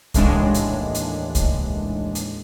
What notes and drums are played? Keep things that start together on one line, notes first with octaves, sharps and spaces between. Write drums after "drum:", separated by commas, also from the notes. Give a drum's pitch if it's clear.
D#2 A2 E3 G#3 D4, drum: kick C2, hi-hat
drum: hi-hat
drum: hi-hat
drum: kick C2, hi-hat
drum: hi-hat